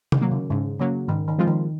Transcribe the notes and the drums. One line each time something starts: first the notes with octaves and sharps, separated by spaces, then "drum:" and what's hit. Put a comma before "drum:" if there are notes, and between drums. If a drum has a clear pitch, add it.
D#3, drum: tom C3
F#3 A#3
C#3
G#2 C#3
C#3 F#3 A#3
G#2 D#3
D#3
F3 G#3 C4 F4
D#3